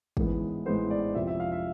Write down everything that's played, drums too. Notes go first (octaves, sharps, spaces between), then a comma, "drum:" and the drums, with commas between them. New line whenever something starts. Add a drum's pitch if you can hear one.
A1 G#2 E3 G#3 B3, drum: kick
A1 G#2 E3 G#3 B3 C5
D5
F2 C3 F3 E5
E5
F5
E5